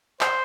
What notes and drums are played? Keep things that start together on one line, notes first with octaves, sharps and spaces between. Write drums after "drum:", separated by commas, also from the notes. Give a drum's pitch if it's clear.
C5, drum: clap